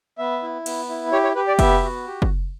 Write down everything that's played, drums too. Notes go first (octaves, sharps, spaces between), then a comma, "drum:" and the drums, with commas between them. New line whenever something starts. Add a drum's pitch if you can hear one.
B3 E5
E4
B3, drum: cymbal
E4
G4 C#5
C#5
G4 B4
D5
B3 E5, drum: kick, cymbal
F#4
G4
drum: kick